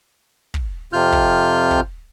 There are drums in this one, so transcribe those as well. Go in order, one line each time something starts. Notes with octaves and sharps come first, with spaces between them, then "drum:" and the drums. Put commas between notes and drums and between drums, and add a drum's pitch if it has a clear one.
drum: kick
F2 C3 F4 F6 G6
drum: kick
drum: kick